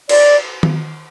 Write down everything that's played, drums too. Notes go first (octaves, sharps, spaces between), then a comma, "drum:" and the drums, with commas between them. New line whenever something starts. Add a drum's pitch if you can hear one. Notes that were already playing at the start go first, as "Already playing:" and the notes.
D5, drum: cymbal
drum: tom D#3